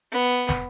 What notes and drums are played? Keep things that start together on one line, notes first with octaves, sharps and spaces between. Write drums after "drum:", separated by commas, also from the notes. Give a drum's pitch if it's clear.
B3
drum: snare